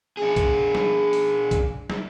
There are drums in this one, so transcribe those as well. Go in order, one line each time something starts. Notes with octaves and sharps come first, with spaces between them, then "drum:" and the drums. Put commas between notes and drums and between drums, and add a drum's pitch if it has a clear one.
D4 G#4
drum: kick B1, hi-hat
drum: snare
drum: open hi-hat
drum: kick B1, hi-hat
drum: snare